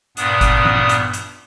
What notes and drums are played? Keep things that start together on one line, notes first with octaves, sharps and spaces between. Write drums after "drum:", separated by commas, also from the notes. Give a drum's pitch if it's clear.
G2 A#2 B3 D4 D#6, drum: hi-hat
drum: kick G#1, hi-hat
drum: tom E3
drum: hi-hat
drum: hi-hat